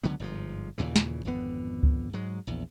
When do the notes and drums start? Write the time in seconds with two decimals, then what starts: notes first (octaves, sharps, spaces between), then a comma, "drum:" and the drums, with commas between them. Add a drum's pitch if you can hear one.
0.03 C#2 D3 F#3 B3
0.20 G1 G#2 D3 F3
0.78 D#2 A#2 C#3 E3
0.96 drum: snare
1.25 G#1 F2 D3 B3
1.83 drum: kick C#2
2.13 G#2 F#3 G#3
2.47 A#1 E2